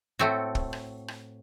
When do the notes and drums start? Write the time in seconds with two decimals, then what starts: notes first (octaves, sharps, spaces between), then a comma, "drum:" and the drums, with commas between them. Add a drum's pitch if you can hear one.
0.19 A2 A3 C4 F#4
0.55 drum: kick
0.73 drum: rim click
1.08 drum: rim click